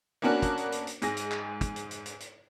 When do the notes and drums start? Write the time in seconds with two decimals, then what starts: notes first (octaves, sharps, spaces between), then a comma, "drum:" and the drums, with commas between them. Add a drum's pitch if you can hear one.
0.22 A#3 B3 C#4 D4 F#4 A#4
0.42 drum: kick, hi-hat
0.57 drum: hi-hat
0.72 drum: hi-hat
0.87 drum: hi-hat
1.02 G#2 G#3 G#4 A#6, drum: hi-hat
1.17 drum: hi-hat
1.31 drum: clap
1.61 drum: kick, hi-hat
1.76 drum: hi-hat
1.91 drum: hi-hat
2.06 drum: hi-hat
2.20 drum: hi-hat